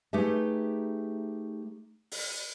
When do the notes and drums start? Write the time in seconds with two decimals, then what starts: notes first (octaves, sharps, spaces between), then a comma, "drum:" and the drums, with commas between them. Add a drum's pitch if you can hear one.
0.13 A3 D#4 G4 G#4 B4 E5
2.12 drum: open hi-hat